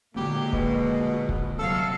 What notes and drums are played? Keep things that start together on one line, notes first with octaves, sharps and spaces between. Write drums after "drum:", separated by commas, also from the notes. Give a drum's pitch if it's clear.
A#2 D3 F#3 G#3 A#3 B3 G4
B2, drum: kick C#1
drum: kick C#1
C3 F#3 A4 F5